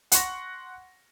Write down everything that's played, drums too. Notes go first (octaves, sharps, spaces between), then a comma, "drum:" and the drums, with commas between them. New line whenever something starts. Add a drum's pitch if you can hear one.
F#5 C6 C#6 A#6, drum: hi-hat